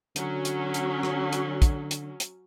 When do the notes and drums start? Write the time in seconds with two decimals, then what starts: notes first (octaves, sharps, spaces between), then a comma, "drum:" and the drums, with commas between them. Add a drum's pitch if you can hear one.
0.16 D3 F#3 C#4, drum: hi-hat
0.45 drum: hi-hat
0.74 drum: hi-hat
1.03 drum: rim click
1.33 drum: hi-hat
1.62 drum: kick, hi-hat
1.91 drum: hi-hat
2.20 drum: hi-hat